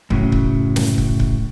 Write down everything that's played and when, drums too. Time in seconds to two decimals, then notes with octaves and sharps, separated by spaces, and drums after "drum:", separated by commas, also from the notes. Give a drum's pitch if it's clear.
0.10 F#2 A2 C#3 F#3, drum: kick
0.32 drum: kick
0.76 drum: snare
0.98 drum: kick
1.20 drum: kick